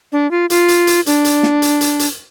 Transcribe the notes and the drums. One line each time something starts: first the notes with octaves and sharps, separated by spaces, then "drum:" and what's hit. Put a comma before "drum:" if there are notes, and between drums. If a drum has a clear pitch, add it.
D4
F4
F4, drum: hi-hat
drum: hi-hat
drum: hi-hat
D4, drum: hi-hat
drum: hi-hat
drum: snare
drum: hi-hat
drum: hi-hat
drum: hi-hat